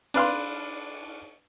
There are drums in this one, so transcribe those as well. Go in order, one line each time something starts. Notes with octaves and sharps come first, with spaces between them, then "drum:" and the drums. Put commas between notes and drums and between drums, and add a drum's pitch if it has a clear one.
D4 B4 F5 C6, drum: cymbal